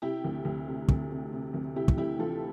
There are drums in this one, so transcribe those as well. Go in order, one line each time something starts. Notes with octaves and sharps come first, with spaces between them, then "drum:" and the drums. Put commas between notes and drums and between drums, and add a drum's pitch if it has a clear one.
C3 E4 G4
D2
D2
C3
D2, drum: kick
C3
C3
D2
C3 E4 G4
drum: kick
D2 E4 G4
E3 F4 A4